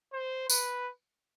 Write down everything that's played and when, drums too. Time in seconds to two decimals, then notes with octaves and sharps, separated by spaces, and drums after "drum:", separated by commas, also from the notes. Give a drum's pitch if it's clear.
0.13 C5
0.50 B4, drum: tambourine